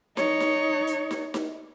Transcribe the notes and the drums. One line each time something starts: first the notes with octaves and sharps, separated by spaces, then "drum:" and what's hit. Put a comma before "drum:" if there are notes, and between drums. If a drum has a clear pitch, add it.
D#4 C#5, drum: snare D#4
drum: snare D#4
drum: hi-hat
drum: snare D#4
drum: snare D#4